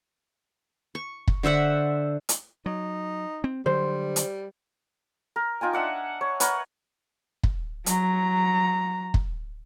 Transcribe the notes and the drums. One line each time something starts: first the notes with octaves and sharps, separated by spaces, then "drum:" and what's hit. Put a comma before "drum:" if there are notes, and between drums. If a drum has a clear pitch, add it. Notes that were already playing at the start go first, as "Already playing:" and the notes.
C#6
drum: kick
D3 C5 E5 F#5
drum: hi-hat
F#3 D#4
C4
D3 F#3 G3 C5
drum: hi-hat
A#4
D#4 F4 G5 G#5
D4 E5 F#5 D6
C#5
A#4 B4 C#5 F#5, drum: hi-hat
drum: kick
F#3 A#5, drum: hi-hat
drum: kick